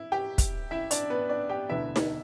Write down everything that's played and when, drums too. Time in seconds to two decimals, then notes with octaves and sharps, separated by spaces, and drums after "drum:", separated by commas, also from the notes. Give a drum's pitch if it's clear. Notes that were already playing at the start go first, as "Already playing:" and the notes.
Already playing: E4
0.12 G4 G5
0.38 drum: kick, hi-hat
0.71 E4 E5
0.91 D4 D5, drum: hi-hat
1.10 B3 B4
1.29 D4 D5
1.49 G4 G5
1.69 E1 D2 D3 B3 E4 E5
1.96 drum: snare D#4